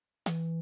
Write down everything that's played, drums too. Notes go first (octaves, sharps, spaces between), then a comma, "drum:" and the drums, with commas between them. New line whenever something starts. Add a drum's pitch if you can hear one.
E3, drum: hi-hat